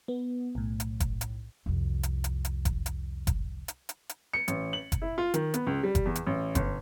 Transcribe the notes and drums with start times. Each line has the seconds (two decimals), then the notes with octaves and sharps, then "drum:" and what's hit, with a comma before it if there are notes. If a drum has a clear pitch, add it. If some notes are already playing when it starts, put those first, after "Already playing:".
0.08 B3
0.55 B1 A2
0.80 drum: hi-hat
1.00 drum: kick F#1, hi-hat
1.21 drum: hi-hat
1.66 C2 F2
2.03 drum: hi-hat
2.24 drum: hi-hat
2.45 drum: hi-hat
2.65 drum: kick F#1, hi-hat
2.86 drum: hi-hat
3.27 drum: kick F#1, hi-hat
3.68 drum: hi-hat
3.89 drum: hi-hat
4.09 drum: hi-hat
4.33 C#7
4.48 A1, drum: hi-hat
4.73 F#7
4.92 drum: kick F#1, hi-hat
5.02 E4
5.18 F4
5.34 D#3, drum: hi-hat
5.54 B3, drum: hi-hat
5.67 C#2
5.83 G3
5.95 drum: kick F#1, hi-hat
6.06 E2
6.15 drum: hi-hat
6.26 A1
6.55 G1, drum: kick F#1, hi-hat